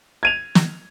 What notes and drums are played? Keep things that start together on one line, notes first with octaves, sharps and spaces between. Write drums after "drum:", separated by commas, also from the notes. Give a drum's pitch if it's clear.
G#6 D#7 F7
drum: snare